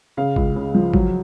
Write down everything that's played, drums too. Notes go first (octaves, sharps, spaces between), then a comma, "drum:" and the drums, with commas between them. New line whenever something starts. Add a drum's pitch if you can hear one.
C#3 F5
C#2, drum: kick
C#3
F3
F#3, drum: kick